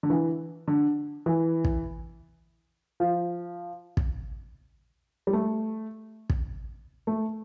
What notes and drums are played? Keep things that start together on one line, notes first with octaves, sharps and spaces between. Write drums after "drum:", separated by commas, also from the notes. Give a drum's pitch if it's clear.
D3
E3
D3
E3
drum: kick
F3
drum: kick
G3
A3
drum: kick
A3